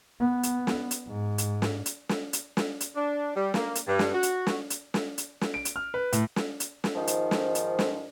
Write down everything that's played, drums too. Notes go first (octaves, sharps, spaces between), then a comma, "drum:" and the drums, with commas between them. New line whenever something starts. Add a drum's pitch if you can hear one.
B3
drum: hi-hat
drum: snare
drum: hi-hat
G#2
drum: hi-hat
drum: snare
drum: hi-hat
drum: snare
drum: hi-hat
drum: snare
drum: hi-hat
D4
G3
A#3, drum: snare
drum: hi-hat
G2
drum: snare
F#4
drum: hi-hat
drum: snare
drum: hi-hat
drum: snare
drum: hi-hat
drum: snare
D7
drum: hi-hat
F6
B4
A2, drum: hi-hat
drum: snare
drum: hi-hat
drum: snare
G#2 D#3 F3
drum: hi-hat
drum: snare
drum: hi-hat
drum: snare